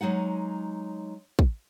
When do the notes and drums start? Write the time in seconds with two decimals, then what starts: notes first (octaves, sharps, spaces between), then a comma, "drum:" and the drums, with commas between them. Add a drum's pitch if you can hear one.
0.01 F#3 G#3 D#4 F#5
1.39 drum: kick